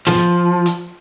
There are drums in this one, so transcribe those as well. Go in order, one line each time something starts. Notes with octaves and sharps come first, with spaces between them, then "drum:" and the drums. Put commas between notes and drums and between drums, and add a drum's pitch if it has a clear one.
F3, drum: snare
drum: hi-hat